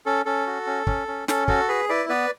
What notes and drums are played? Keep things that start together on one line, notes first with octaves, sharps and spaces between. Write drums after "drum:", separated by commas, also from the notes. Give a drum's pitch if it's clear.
C#4 A4
C#4 A4
F#4
C#4
C#4, drum: kick
C#4
C#4 A4, drum: snare
F#4 A4, drum: kick
G#4 B4
E4 B4 D5
B3 B4 D5